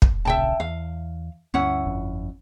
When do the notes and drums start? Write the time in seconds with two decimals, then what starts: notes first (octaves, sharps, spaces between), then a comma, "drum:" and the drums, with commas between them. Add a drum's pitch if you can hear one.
0.02 drum: kick
0.25 D1 A#1 C#3 E5 G5 A5
0.60 E2 F5
1.54 D2 G2 C#4 E4 F#5
1.85 G1 F2